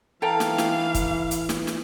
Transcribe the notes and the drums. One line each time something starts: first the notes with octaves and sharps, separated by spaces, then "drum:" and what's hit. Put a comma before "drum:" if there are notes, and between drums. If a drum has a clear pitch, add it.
E3 A4 F5 G5 A#5
drum: snare
drum: snare
drum: kick, hi-hat
drum: hi-hat
drum: snare
drum: snare